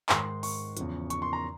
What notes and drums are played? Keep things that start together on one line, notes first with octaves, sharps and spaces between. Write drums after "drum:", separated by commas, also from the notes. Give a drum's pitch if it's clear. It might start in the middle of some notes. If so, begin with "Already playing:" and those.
G#2 D#3 C6, drum: clap
C#6, drum: open hi-hat
E2 C#3 F3, drum: hi-hat
C#6, drum: hi-hat
C6
A#5